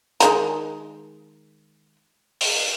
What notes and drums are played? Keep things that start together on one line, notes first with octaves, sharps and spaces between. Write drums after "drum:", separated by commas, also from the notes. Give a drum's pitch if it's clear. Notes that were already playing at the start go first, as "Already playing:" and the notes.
D#3 G#3 A#5, drum: hi-hat
drum: open hi-hat